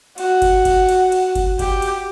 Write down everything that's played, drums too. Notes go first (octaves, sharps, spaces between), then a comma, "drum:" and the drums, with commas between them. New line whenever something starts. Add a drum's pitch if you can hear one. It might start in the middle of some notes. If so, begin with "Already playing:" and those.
F#4, drum: cymbal
drum: kick F#1, cymbal
drum: kick F#1, cymbal
drum: cymbal
drum: cymbal
drum: kick F#1, cymbal
G4, drum: kick F#1, cymbal
drum: cymbal